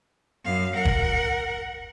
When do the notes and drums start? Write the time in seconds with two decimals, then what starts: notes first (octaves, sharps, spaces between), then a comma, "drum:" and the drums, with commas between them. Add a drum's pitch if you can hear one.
0.44 F#2 F5
0.76 A#4 F#5
0.85 drum: kick